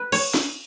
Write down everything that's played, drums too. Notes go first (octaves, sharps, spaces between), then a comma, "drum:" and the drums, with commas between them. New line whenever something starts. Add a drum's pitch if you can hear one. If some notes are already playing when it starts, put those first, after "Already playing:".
Already playing: B4
C#5, drum: cymbal
drum: snare